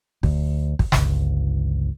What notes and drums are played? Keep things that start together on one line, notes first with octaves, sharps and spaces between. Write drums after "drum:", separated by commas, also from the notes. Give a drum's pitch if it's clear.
D2, drum: kick
drum: kick
G1 C#2, drum: snare